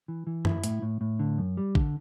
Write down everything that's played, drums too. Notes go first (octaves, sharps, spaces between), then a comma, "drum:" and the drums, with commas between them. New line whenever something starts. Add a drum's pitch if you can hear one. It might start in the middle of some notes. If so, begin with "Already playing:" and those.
E3
E3
E4, drum: tom F#2
A2, drum: hi-hat
A2
A2
D3
F#2
G3
D3, drum: kick A1